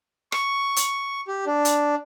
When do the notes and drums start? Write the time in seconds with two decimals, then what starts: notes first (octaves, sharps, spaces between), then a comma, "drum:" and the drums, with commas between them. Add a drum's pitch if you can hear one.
0.32 C#6, drum: rim click
0.76 drum: hi-hat
1.28 G4
1.47 D4
1.65 drum: hi-hat